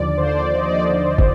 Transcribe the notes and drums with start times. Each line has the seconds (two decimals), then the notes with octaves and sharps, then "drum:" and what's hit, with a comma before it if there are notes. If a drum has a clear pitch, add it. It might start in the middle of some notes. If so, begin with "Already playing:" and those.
Already playing: D#2 D3 F3 D5
0.17 D#2 D3 F3 C5
0.30 D5
0.42 D5
0.55 D#5
0.67 D#2 D3 F3 D5
1.18 D3, drum: kick